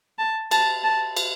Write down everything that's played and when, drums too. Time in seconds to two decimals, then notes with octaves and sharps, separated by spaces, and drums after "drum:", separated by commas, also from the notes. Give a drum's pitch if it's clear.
0.19 A5
0.51 A5, drum: cymbal
0.84 A5
1.17 drum: cymbal